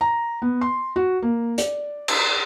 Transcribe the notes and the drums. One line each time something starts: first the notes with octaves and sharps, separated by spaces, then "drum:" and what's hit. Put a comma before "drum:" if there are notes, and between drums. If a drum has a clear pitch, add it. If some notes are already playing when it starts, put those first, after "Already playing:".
A#5
B3
C6
F#4
A#3
D5, drum: hi-hat
drum: cymbal